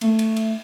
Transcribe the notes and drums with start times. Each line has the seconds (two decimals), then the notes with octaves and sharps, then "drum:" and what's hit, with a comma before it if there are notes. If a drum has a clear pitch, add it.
0.01 A3, drum: cymbal
0.19 drum: cymbal
0.36 drum: cymbal